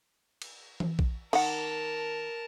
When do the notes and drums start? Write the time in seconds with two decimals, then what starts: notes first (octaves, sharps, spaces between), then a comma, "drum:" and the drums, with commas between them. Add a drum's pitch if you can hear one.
0.42 drum: cymbal
0.80 drum: tom E3
0.99 drum: kick
1.33 D#3 A#4 F#5 A5, drum: cymbal